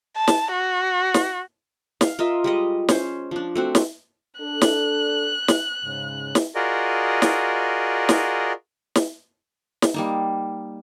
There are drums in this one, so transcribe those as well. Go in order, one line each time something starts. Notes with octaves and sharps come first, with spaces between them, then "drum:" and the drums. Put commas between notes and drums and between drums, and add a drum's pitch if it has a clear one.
A5
drum: snare
F#4
drum: snare
F5, drum: snare
F4 A#4 D#5 E5
G3 G#3 D#5
C#4 C5, drum: snare
F3 D4
A3 C4 F#4
drum: snare
D4 A4 F#6
drum: snare
drum: snare
G#2 C#3
drum: snare
F4 F#4 G#4 A#4 D5 D#5
drum: snare
drum: snare
drum: snare
drum: snare
G3 A#3 D#4